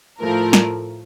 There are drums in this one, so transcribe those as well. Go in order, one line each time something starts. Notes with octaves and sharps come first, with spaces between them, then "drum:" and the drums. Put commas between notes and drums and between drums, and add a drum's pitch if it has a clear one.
A2 F3 A3 A#4
drum: snare